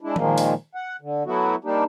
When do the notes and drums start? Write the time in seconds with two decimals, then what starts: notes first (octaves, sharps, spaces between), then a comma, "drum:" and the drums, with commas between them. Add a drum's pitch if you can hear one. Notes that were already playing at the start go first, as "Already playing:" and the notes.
0.01 G#3 D4 E4
0.16 A#2 D#3 F3 G#3 A#3, drum: tom D#3
0.38 drum: open hi-hat
0.75 F#5
1.01 D3
1.26 F#3 A3 B3 E4 F#4
1.64 G3 A#3 D4 D#4 G4